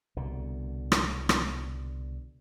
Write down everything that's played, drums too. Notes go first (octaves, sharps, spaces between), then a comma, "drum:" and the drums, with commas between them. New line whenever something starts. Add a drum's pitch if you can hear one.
C2 B2 D3
drum: rim click
drum: rim click